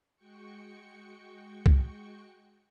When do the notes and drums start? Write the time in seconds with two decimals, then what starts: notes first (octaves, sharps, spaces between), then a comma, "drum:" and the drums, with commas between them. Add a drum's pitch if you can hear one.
0.16 G#3 F#4 G5 C#6 C#7
1.66 drum: kick